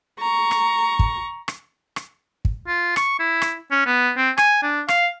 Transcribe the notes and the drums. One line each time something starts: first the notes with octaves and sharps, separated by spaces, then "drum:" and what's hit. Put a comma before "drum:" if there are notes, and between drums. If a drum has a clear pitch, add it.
A#5 C#6
drum: rim click
drum: kick
drum: rim click
drum: rim click
drum: kick
F4
C#6, drum: rim click
E4
drum: rim click
C#4
B3
C4
G#5, drum: rim click
D4
F5, drum: rim click